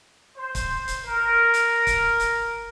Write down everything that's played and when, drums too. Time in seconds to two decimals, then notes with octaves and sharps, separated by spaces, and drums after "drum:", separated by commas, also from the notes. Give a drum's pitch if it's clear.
0.38 C5
0.55 drum: kick, hi-hat
0.88 drum: hi-hat
1.05 A#4
1.54 drum: hi-hat
1.87 drum: kick, hi-hat
2.20 drum: hi-hat